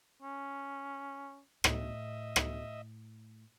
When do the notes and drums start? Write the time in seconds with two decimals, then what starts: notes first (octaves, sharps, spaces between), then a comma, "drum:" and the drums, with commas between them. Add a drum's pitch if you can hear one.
0.22 C#4
1.64 A2 D#5 E5, drum: rim click
2.36 drum: rim click